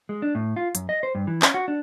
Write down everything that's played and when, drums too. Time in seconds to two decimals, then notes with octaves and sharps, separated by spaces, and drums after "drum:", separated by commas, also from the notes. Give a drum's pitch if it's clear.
0.09 G#3
0.22 D4
0.35 A2
0.56 F4
0.75 F#2, drum: hi-hat
0.89 D#5
1.03 C5
1.15 G2
1.27 E3
1.42 C#4, drum: clap
1.54 F#4
1.68 D4